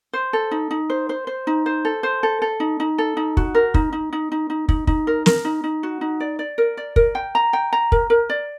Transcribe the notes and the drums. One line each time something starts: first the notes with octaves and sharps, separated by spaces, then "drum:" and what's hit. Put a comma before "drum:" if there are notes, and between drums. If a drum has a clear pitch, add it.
C5
A4
D#4
D#4
C5
C5
C5
D#4
C5
A4
C5
A4
A4
D#4
D#4
A4
D#4
F#4, drum: kick
A#4
D#4, drum: kick
D#4
D#4
D#4
D#4
D#4, drum: kick
D#4, drum: kick
A#4
A#4, drum: snare
D#4
D#4
F#4
D#4
D5
D5
A#4
D5
A#4, drum: kick
G5
A#5
G5
A#5
A#4, drum: kick
A#4
D5